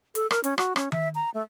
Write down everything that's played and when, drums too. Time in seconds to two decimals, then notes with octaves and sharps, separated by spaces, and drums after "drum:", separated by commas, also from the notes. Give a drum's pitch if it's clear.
0.15 A4, drum: hi-hat
0.31 A#4, drum: rim click
0.44 C#4, drum: hi-hat
0.58 F#4, drum: rim click
0.76 C#4, drum: rim click
0.92 E5, drum: tom D#3
1.15 A#5
1.34 A3